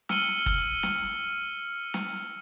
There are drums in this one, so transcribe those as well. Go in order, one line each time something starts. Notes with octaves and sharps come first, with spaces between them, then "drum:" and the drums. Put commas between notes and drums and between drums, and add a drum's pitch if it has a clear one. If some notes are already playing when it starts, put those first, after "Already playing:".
E6 F6 C#7 D#7 G7, drum: snare
drum: kick
drum: snare
drum: snare